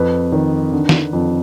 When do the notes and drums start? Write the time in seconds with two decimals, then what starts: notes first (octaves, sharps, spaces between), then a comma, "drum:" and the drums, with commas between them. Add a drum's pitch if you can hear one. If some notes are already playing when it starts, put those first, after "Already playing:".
Already playing: F2 B4
0.32 D#3
0.72 D3
0.89 drum: snare
1.13 F2